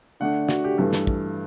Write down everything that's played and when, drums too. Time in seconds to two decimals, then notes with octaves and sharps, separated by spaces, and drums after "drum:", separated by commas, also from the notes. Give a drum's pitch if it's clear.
0.20 D3 A3 D4 F#5
0.49 F#4, drum: snare
0.64 G4
0.78 G2 E3 A3 A4
0.93 drum: snare
1.07 drum: kick